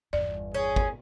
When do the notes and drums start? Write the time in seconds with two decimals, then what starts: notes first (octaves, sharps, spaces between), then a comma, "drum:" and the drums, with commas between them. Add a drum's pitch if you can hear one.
0.13 G1 E2 D5
0.54 C#4 G#4
0.76 drum: kick